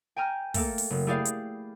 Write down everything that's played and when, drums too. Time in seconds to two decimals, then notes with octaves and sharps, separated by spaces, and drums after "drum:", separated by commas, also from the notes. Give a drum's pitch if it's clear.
0.16 G5 G#5 A#5 F6
0.54 A3 A#3 A4, drum: kick, open hi-hat
0.78 drum: open hi-hat
0.90 F#1
1.07 A3 E4 G4 G#4 D5 F5
1.26 drum: hi-hat